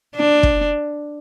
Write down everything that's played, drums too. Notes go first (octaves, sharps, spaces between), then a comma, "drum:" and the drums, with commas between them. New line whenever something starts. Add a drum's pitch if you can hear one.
D4
drum: kick